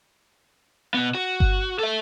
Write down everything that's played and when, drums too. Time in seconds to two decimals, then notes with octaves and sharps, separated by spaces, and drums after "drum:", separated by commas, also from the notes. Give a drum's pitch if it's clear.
0.94 B2 B3
1.15 F#4
1.40 drum: kick G1
1.79 A4 E5